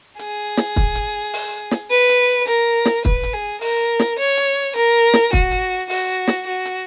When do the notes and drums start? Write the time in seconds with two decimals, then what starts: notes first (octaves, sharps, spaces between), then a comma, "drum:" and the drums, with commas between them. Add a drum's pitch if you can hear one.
0.19 G#4, drum: hi-hat
0.57 drum: snare
0.76 drum: kick
0.95 drum: hi-hat
1.33 drum: open hi-hat
1.71 drum: snare
1.90 B4
2.09 drum: hi-hat
2.48 A#4, drum: hi-hat
2.85 drum: snare
3.05 B4, drum: kick
3.23 drum: hi-hat
3.33 G#4
3.61 A#4, drum: open hi-hat
3.99 drum: snare
4.19 C#5
4.37 drum: hi-hat
4.76 A#4, drum: hi-hat
5.13 drum: snare
5.33 F#4, drum: kick
5.52 drum: hi-hat
5.89 F#4, drum: open hi-hat
6.28 drum: snare
6.47 F#4
6.66 drum: hi-hat